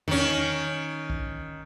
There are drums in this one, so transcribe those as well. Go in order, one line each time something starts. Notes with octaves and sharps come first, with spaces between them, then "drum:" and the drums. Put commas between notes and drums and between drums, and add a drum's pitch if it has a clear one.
D#3 C#4, drum: tom E2
drum: kick